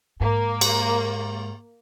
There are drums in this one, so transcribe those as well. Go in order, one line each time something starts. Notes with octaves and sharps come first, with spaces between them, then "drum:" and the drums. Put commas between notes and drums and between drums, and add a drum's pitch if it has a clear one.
G#2 A#3
drum: cymbal